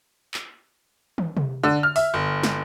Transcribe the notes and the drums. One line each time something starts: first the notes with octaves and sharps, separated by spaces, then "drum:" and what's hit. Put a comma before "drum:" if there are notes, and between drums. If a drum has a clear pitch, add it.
drum: clap
drum: tom
drum: tom C3
D3
F6
E5, drum: open hi-hat
G1
drum: snare